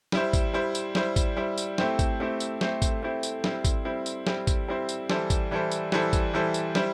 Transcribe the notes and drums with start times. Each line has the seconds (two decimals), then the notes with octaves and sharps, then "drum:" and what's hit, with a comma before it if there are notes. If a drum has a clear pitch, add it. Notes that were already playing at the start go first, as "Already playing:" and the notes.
0.12 G3 E4 C5, drum: snare
0.33 drum: kick, tambourine
0.54 G3 E4 C5
0.75 drum: tambourine
0.95 G3 E4 C5, drum: snare
1.16 drum: kick, tambourine
1.37 G3 E4 C5
1.58 drum: tambourine
1.78 A3 C4 E4 G4 C5, drum: snare
1.99 drum: kick, tambourine
2.20 A3 C4 E4 G4 C5
2.40 drum: tambourine
2.61 A3 C4 E4 G4 C5, drum: snare
2.82 drum: kick, tambourine
3.03 A3 C4 E4 G4 C5
3.23 drum: tambourine
3.44 G3 C4 E4 C5, drum: snare
3.65 drum: kick, tambourine
3.85 G3 C4 E4 C5
4.06 drum: tambourine
4.27 G3 C4 E4 C5, drum: snare
4.47 drum: kick, tambourine
4.68 G3 C4 E4 C5
4.89 drum: tambourine
5.10 E3 G3 E4 A4 C5, drum: snare
5.30 drum: kick, tambourine
5.51 E3 G3 E4 A4 C5
5.72 drum: tambourine
5.92 E3 G3 E4 A4 C5, drum: snare
6.13 drum: kick, tambourine
6.33 E3 G3 E4 A4 C5
6.54 drum: tambourine
6.75 G3 E4 C5, drum: snare